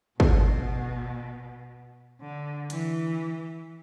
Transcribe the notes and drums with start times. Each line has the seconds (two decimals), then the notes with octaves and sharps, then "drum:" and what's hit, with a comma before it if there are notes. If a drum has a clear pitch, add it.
0.20 B2, drum: kick
2.21 D3
2.70 E3, drum: hi-hat